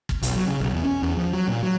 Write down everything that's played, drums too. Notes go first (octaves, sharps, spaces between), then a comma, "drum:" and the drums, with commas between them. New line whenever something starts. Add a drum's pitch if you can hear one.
drum: kick
B1, drum: hi-hat
F#3
C#3
B1
E2
C#4
E2
F3
F#3
A#2
F#3